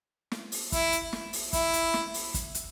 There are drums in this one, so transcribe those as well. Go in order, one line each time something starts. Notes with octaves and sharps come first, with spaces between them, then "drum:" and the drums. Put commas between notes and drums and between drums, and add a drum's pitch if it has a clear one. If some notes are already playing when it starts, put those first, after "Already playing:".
drum: snare
drum: open hi-hat
E4, drum: kick, hi-hat
drum: hi-hat
drum: snare
drum: open hi-hat
E4, drum: kick, hi-hat
drum: hi-hat
drum: snare
drum: open hi-hat
drum: kick, hi-hat
drum: hi-hat